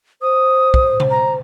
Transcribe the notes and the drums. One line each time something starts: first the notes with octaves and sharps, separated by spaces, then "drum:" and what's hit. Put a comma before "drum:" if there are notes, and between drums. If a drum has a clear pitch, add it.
C5 D#6
drum: kick
drum: tom C3
A#5